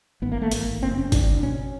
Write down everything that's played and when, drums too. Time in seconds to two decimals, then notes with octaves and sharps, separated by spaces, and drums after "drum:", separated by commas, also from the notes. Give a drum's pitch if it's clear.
0.22 G#1 B3
0.32 A#3
0.37 G#1 A3
0.51 G#1 A#3, drum: hi-hat
0.67 G#1
0.82 F#1 C4
0.97 F#1 C#4
1.12 F#1 D4, drum: kick G1, hi-hat
1.28 F#1
1.42 B2 C#4